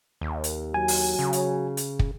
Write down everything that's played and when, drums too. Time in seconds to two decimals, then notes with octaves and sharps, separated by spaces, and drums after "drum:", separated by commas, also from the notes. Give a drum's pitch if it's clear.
0.21 D#2
0.44 drum: hi-hat
0.74 F#3 G#5
0.88 drum: open hi-hat
1.19 C#3
1.33 drum: hi-hat
1.77 drum: hi-hat
1.99 drum: kick